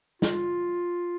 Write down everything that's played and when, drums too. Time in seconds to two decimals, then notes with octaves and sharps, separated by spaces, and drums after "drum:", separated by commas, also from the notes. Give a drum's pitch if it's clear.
0.22 F4, drum: snare